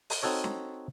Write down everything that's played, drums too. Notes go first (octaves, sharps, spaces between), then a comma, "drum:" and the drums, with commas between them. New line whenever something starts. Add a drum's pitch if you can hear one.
drum: open hi-hat
C4 D#4 F#4 A4 C#5
drum: snare